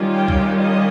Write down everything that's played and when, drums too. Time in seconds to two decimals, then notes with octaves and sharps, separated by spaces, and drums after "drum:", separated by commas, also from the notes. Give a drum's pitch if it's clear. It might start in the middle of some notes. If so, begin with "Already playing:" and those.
Already playing: D#3 G3 C#4 F4
0.13 G5
0.28 drum: kick
0.59 D#5